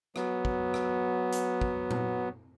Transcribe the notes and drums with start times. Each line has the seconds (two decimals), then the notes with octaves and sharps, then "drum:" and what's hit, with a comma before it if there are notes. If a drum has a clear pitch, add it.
0.16 F#3 B3, drum: rim click
0.45 drum: kick
0.74 drum: rim click
1.32 drum: hi-hat
1.61 drum: kick
1.91 drum: tom